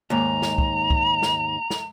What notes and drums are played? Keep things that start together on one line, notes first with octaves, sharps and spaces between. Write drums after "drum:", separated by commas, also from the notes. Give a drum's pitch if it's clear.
D#2 G#2 A#5
drum: snare
drum: kick C2
drum: kick C2
drum: snare
drum: snare